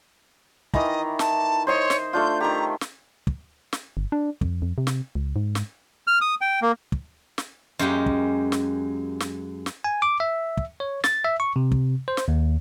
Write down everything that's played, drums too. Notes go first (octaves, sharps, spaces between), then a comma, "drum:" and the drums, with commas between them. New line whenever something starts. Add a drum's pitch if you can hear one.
D#3 E3 D#5 A#5, drum: kick
A5, drum: snare
C5 C#5 D#5 C6
drum: snare
A3 D4 F4 G6
D#3 G4 A#5
drum: snare
drum: kick
drum: snare
G1
D4
F2, drum: kick
F2
C3
drum: snare
C#2
G#2
drum: snare
F6
D#6
G5
A#3
drum: kick
drum: snare
F#2 G#3 A#3 G4 G5
drum: kick
drum: snare
drum: snare
drum: snare
G#5
D6
E5
drum: kick
C#5
A6, drum: snare
E5
C#6
C3
drum: kick
C5
drum: snare
D#2